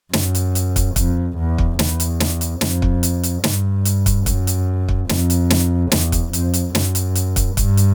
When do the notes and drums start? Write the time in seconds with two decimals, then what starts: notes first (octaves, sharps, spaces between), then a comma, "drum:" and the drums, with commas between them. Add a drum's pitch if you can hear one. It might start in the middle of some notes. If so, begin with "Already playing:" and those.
0.13 F#2, drum: snare
0.35 drum: hi-hat
0.55 drum: hi-hat
0.76 drum: kick, hi-hat
0.96 F2, drum: kick, hi-hat
1.38 E2
1.58 drum: kick
1.79 E2, drum: snare
2.00 drum: hi-hat
2.20 drum: snare
2.41 drum: hi-hat
2.61 F2, drum: snare
2.82 drum: kick
3.03 drum: hi-hat
3.23 drum: hi-hat
3.44 G2, drum: snare
3.85 drum: hi-hat
4.06 drum: kick, hi-hat
4.26 F#2, drum: kick, hi-hat
4.47 drum: hi-hat
4.88 drum: kick
5.09 F2, drum: snare
5.30 drum: hi-hat
5.50 drum: snare
5.92 E2, drum: snare
6.12 drum: kick, hi-hat
6.33 F2, drum: hi-hat
6.54 drum: hi-hat
6.75 F#2, drum: snare
6.95 drum: hi-hat
7.15 drum: hi-hat
7.36 drum: kick, hi-hat
7.57 G2, drum: kick, hi-hat
7.77 drum: hi-hat